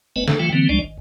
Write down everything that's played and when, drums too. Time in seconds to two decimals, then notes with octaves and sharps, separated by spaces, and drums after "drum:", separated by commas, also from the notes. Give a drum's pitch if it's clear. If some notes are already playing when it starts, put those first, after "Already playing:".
0.16 F#1 A3 B3 B4 D#5 G#5
0.28 A4, drum: snare
0.39 E3 F#3 A3 F4 G5
0.53 D3 E3 F#3 A#3 C4
0.69 C#2 F3 G3 G#3 D4 D5
0.82 G#1